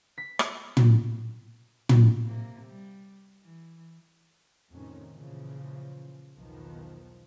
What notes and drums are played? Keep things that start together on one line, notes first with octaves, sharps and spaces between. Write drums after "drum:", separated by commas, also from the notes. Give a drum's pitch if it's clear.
B6
drum: rim click
drum: tom
drum: tom
C3 A#3
G3
E3
F2 A2 C3 D#3 C#4
A#2 C#3 E3 F3
B1 E2 D#3 F3 B3